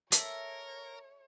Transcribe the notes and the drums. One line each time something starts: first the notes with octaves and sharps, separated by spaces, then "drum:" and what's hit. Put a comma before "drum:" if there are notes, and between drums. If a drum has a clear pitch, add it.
A4 A#4 C#5 E5, drum: hi-hat